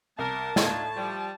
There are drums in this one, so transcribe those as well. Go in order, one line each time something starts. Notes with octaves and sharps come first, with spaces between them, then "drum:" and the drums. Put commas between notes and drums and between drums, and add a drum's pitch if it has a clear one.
C2 A#4 A5
A2 D4 D#4 F4 G#6, drum: snare
F3 G3